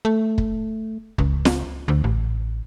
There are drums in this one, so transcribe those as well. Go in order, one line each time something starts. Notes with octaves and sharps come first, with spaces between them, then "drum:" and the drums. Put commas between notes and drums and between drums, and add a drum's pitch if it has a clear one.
A3
drum: kick
C#2, drum: kick
drum: snare
D2
A1